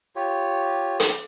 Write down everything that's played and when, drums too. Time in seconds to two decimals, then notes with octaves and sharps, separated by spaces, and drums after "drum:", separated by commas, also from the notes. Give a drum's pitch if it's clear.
0.16 F4 G4 C#5
1.00 drum: hi-hat